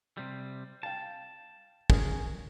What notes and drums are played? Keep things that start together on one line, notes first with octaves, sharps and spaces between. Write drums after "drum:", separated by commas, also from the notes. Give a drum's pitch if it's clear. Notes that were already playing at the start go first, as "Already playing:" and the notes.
C3 G3
F5 G5 A5
C#4 G#4 A#4, drum: kick